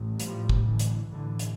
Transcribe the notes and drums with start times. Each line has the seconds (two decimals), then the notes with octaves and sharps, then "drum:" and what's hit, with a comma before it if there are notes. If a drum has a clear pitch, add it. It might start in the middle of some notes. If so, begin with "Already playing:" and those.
Already playing: A1 A2
0.20 F3 G3, drum: hi-hat
0.49 drum: kick
0.64 D3 E3
0.79 drum: hi-hat
1.09 A1 G2 D3 E3
1.39 drum: hi-hat